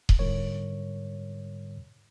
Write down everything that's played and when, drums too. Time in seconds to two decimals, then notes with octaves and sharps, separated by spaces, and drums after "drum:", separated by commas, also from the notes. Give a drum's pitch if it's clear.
0.09 drum: kick D#1
0.19 G#2 D3 G3 A#4 C#5